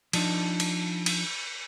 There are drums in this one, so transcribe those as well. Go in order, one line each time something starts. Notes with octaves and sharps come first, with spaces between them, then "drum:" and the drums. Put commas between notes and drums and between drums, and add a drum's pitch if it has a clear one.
F3 D4 D#4, drum: cymbal
drum: cymbal
drum: cymbal